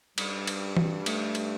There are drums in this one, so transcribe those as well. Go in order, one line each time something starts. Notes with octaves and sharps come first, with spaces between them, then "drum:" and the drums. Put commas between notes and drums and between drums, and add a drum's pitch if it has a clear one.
G2 G3, drum: cymbal
drum: cymbal
drum: tom E3
G3
A3, drum: cymbal
drum: cymbal